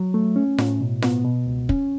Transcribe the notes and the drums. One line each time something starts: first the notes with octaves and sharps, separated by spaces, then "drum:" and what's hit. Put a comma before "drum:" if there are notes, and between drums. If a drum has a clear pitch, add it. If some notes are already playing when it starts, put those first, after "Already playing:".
Already playing: F#3
A3
C#4
A2, drum: snare F4
B2
B3, drum: snare F4
B2
C#2
C#4, drum: kick